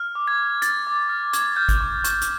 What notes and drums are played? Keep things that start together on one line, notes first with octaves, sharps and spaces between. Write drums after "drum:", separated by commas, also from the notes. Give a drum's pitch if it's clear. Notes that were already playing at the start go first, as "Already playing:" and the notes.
Already playing: F6
D6
G#6
D6
F6 A6, drum: hi-hat
D6
F6
C#6 G#6, drum: hi-hat
F6 G6
drum: kick G#1, hi-hat
C#6 G#6
C#6, drum: hi-hat
drum: hi-hat